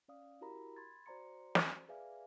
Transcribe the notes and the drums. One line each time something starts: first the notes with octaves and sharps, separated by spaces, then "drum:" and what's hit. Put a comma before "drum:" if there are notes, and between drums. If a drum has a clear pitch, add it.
C#4 D5 F5 D#6
E4 F#4 G4 A#4 A#5 B5
B5 C6 G#6 A6
F#4 C5 D5 A#5 C6 C#7
drum: snare
G#4 B4 D5 E5 F5 G#5